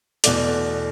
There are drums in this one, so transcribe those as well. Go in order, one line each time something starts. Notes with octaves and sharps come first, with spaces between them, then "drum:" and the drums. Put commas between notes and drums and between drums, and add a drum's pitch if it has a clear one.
E2 B2 A3 D5, drum: hi-hat